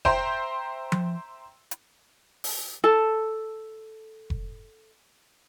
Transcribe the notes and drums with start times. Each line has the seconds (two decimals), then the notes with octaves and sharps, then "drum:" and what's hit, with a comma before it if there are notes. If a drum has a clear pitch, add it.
0.05 C5 E5 G5 A#5 C6, drum: kick F1
0.92 drum: tom F3
1.71 drum: hi-hat
2.44 drum: open hi-hat
2.84 A4 A5
4.30 drum: kick F1